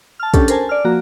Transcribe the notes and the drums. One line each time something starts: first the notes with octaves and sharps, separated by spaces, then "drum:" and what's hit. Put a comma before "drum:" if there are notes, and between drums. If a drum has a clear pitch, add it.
A5 F6
C#4 D4 G4 A4, drum: kick, hi-hat
A#4 C5 G#5 A5, drum: hi-hat
D5 F6
F3 A#3 F#4 A#5